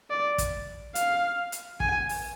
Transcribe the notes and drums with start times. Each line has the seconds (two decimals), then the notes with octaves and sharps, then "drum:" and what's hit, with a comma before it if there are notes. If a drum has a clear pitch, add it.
0.10 D5
0.38 drum: kick, hi-hat
0.95 F5, drum: hi-hat
1.52 drum: hi-hat
1.80 G#5, drum: kick
2.09 drum: open hi-hat